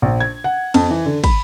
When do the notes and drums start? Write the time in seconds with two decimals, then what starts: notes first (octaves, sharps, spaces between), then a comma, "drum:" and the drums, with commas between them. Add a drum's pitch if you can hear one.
0.02 A#1
0.20 G#6
0.44 F#5
0.74 F2, drum: cymbal
0.90 E3
1.06 D3
1.24 B5, drum: kick, cymbal